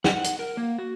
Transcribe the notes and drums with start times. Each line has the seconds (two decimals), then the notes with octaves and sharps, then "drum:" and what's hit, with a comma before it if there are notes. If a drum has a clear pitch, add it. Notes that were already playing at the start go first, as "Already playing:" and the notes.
0.04 F#5, drum: snare
0.24 drum: hi-hat
0.39 A#4
0.57 A#3
0.79 F#4